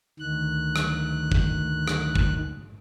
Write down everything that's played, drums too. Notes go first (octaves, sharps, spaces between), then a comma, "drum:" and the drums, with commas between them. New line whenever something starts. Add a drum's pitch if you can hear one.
D2 D#3 F#6
drum: rim click
drum: kick
drum: rim click
drum: kick